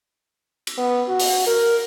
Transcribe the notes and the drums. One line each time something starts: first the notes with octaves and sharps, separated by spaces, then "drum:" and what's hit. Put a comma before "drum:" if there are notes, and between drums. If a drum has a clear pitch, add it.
drum: cymbal
B3
F#4
drum: open hi-hat
A#4